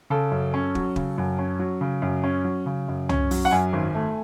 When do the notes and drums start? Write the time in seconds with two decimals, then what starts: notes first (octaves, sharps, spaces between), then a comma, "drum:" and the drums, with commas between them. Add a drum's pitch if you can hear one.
0.10 C#3 A4
0.32 F#2
0.54 C#4
0.75 F#3, drum: kick
0.96 C#3, drum: kick
1.18 F#2
1.39 C#4
1.59 F#3
1.81 C#3
2.02 F#2
2.24 C#4
2.45 F#3
2.66 C#3
2.88 F#2
3.09 C#4, drum: tom
3.31 F#3, drum: open hi-hat
3.45 F#5
3.51 F#2 G#5
3.73 G#1
3.95 A3